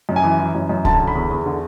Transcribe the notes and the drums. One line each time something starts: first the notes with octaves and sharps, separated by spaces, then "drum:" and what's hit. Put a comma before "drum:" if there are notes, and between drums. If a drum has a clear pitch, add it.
F#2
G#5
E3
E3
F#2
F#2
D3 A5, drum: kick C2
D3
B5
E2
E2
D3